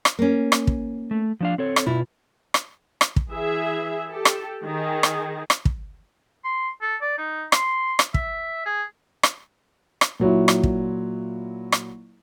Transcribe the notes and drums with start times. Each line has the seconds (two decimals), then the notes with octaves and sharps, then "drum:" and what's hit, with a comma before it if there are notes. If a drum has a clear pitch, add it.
0.05 drum: rim click
0.19 A#3 C#4
0.52 drum: rim click
0.67 drum: kick
1.11 A3
1.41 F3 D4 F5
1.58 C4 A4 C#5
1.76 drum: rim click
1.86 B2 E4 F4
2.54 drum: rim click
3.01 drum: rim click
3.16 drum: kick
3.30 E3 G#4 E5
4.09 G4 A4
4.25 drum: rim click
4.64 D#3 G#4
5.03 drum: rim click
5.50 drum: rim click
5.65 drum: kick
6.45 C6
6.82 A4
7.01 D5
7.18 D#4
7.52 C6, drum: rim click
7.99 drum: rim click
8.14 E5, drum: kick
8.66 G#4
9.23 drum: rim click
10.01 drum: rim click
10.20 A#2 F#3 E4 F4
10.48 drum: rim click
10.63 drum: kick
11.72 drum: rim click